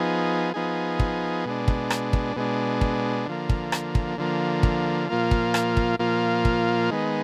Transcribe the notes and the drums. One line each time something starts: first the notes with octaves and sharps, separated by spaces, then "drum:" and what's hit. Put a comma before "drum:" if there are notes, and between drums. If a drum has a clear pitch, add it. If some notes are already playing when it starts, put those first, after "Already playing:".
Already playing: F3 B3 D#4 G#4
F3 B3 D#4 G#4
drum: kick
B2 G#3 D4
drum: kick
drum: rim click
drum: kick
B2 G#3 D4
drum: kick
D3 F3 A#3
drum: kick
drum: rim click
drum: kick
D3 F3 A#3
drum: kick
A#2 F3 A#3 F4
drum: kick
drum: rim click
drum: kick
A#2 F3 A#3 F4
drum: kick
D#3 G#3 B3